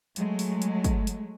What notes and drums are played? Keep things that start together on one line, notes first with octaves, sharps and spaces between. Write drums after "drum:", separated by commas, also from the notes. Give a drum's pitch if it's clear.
F#3 G#3 A3, drum: hi-hat
drum: open hi-hat
drum: hi-hat
drum: kick, hi-hat
drum: hi-hat